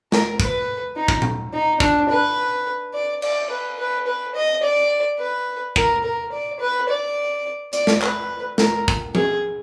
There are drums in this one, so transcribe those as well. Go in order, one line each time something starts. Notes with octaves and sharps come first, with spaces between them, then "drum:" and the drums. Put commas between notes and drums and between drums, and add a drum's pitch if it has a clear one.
A#4, drum: snare
B4, drum: kick
D#4
drum: kick
drum: tom A#2
D#4
D4, drum: kick
B4
D5
D5, drum: cymbal
B4
B4
B4
D#5
D5
B4
A#4, drum: kick
A#4
D5
B4
D5
D5, drum: hi-hat
drum: snare
B4, drum: clap
A#4, drum: snare
drum: kick
G#4, drum: tom F3